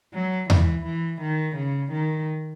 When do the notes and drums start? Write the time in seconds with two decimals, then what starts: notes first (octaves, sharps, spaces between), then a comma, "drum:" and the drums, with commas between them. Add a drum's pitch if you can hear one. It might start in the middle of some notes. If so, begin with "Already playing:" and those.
0.14 F#3
0.50 E3, drum: tom E2
0.85 E3
1.21 D#3
1.57 C#3
1.92 D#3